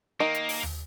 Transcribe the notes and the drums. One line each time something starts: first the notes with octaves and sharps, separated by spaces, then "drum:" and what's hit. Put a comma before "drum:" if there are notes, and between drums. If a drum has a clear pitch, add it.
D#3 A#3 D#4 D#5
drum: hi-hat
drum: open hi-hat
drum: tom D#2